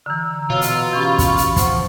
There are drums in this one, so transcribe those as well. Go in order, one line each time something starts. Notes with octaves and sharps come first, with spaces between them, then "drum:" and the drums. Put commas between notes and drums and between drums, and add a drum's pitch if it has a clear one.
D3 E3 A#5 E6
B2 F4 C#5
drum: hi-hat
E3 C#4 G4 B5 C#6
drum: kick, hi-hat
drum: hi-hat
F3 C5 F#5, drum: kick, hi-hat